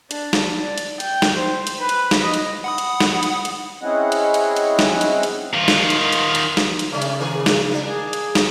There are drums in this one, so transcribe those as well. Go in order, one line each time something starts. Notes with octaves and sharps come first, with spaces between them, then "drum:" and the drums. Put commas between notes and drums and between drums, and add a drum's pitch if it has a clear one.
D4, drum: hi-hat
drum: snare
D5
drum: hi-hat
G5, drum: hi-hat
drum: snare
C5
drum: hi-hat
B4
drum: hi-hat
drum: snare
D#5
drum: hi-hat
F#5 B5 D#6
drum: hi-hat
drum: snare
drum: hi-hat
drum: hi-hat
C4 C#4 E4 G#4 D#5 F#5
drum: hi-hat
drum: hi-hat
drum: hi-hat
drum: snare
drum: hi-hat
drum: hi-hat
D#3 F4
drum: snare
drum: hi-hat
drum: hi-hat
drum: hi-hat
drum: snare
drum: hi-hat
C#3 A3 C#4 D4
drum: hi-hat
D#3 G#4 A#4
drum: snare
A#3 D4
G#4
drum: hi-hat
drum: snare